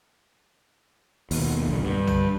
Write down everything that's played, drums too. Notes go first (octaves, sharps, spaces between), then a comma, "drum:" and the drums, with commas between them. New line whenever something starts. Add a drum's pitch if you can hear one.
D#2 B2, drum: open hi-hat
B1 D3
G2
drum: tom C2